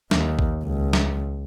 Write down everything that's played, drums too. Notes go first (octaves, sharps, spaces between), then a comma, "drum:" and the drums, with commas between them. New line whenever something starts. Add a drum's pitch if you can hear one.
D#2, drum: snare
drum: kick A1
C#2
drum: snare